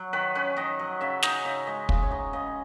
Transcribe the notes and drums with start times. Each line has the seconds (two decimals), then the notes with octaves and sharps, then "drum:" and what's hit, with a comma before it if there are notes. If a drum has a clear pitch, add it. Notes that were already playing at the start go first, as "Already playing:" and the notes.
Already playing: F#3
0.13 D#3 B4
0.35 C#4 B4
0.57 D#3 D#5
0.79 F#3
1.01 C#3 E5
1.23 D#4 D#5, drum: snare
1.45 C#3 E5
1.67 G#3 D#5
1.89 C#3 E5, drum: kick
2.03 C#5
2.11 D#4 D#5
2.33 C#3 D#5